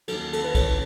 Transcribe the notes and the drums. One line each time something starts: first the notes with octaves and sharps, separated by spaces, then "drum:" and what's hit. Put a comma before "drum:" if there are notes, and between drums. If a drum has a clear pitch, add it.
D#2 D#3 F#3 A4, drum: cymbal
A4, drum: cymbal
B4
A4 C#5, drum: kick, cymbal